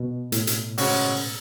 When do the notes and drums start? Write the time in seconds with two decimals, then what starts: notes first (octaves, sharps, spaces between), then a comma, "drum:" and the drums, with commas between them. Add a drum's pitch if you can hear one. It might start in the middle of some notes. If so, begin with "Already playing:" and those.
Already playing: B2
0.32 A2, drum: hi-hat
0.47 drum: hi-hat
0.78 C#3 G#3 C#4 F#4, drum: open hi-hat